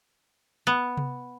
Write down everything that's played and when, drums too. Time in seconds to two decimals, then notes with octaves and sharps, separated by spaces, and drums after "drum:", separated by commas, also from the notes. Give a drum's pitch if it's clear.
0.67 B3
0.97 drum: tom C3